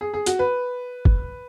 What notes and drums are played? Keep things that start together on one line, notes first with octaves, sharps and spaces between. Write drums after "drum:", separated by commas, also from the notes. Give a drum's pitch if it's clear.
G#4
G#4
F#4, drum: hi-hat
B4
drum: kick